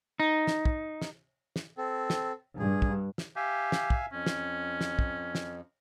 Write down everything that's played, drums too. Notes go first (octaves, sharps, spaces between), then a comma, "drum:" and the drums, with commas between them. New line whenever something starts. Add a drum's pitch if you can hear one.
D#4
drum: snare
drum: kick
drum: snare
drum: snare
C4 A4
drum: snare
G2 G#4
drum: kick
drum: snare
G4 E5 F5 G#5
drum: snare
drum: kick
F2 C#4
drum: snare
drum: snare
drum: kick
drum: snare